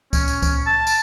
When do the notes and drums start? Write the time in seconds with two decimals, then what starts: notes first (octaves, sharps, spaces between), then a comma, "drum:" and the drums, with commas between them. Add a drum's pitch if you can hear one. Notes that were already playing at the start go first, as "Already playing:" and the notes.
0.13 C#4, drum: kick C2, tambourine
0.28 drum: tambourine
0.42 drum: kick C2, tambourine
0.66 A5
0.87 drum: tambourine